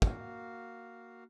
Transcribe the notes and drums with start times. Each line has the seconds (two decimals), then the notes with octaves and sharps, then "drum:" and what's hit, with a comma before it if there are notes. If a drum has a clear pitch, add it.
0.02 A#3 F#4 F5, drum: kick